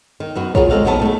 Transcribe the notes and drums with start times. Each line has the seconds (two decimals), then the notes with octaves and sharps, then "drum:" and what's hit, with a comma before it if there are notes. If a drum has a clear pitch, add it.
0.20 D#3
0.35 F#2 B3 F#4
0.55 F4 G#4 A#4 C#5, drum: kick
0.70 G#3 C4 A4 D#5 F5 F#5
0.85 A#2 D#3 F#3 B3 G5 A5
1.02 A3 G#4